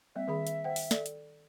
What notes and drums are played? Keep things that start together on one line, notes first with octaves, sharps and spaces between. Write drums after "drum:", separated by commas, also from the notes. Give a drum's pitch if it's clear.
G3 A#3 C4 E5
D#3 G#4 B5
drum: hi-hat
C5 F#5 G5
drum: open hi-hat
A4 D5, drum: snare
drum: hi-hat